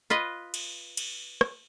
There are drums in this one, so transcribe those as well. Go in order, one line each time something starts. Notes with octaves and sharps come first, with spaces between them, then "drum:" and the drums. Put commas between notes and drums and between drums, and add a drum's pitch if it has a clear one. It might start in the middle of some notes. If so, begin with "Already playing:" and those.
F4 B4 D#5
drum: cymbal
drum: cymbal
drum: rim click